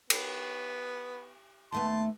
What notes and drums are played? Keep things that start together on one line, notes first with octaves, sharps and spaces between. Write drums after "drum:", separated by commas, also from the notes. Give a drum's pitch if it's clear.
B3, drum: cymbal
D#2 A3 B3 A5 C6